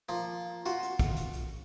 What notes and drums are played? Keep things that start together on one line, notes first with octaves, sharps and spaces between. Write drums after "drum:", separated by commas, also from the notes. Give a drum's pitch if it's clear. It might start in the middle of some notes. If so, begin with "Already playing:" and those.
F3 A#3
F4 F#4, drum: hi-hat
drum: hi-hat
drum: kick, hi-hat
drum: hi-hat
drum: hi-hat